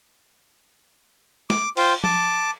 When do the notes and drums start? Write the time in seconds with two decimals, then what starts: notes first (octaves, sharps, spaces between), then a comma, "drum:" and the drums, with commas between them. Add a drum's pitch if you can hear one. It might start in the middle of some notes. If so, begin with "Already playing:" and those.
1.50 D6, drum: snare
1.77 F4 C5 G5, drum: cymbal
2.04 A5 D6, drum: tom F3